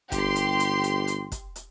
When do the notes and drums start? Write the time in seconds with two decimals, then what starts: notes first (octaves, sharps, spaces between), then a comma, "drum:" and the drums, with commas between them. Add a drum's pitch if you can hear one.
0.12 G1 G4 C6, drum: kick, hi-hat
0.36 drum: hi-hat
0.60 drum: hi-hat
0.84 drum: hi-hat
1.08 drum: hi-hat
1.32 drum: kick, hi-hat
1.56 drum: hi-hat